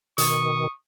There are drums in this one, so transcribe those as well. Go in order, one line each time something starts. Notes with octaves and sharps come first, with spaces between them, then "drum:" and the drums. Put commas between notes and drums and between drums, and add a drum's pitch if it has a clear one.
B2 D#3 C#6 D#6, drum: hi-hat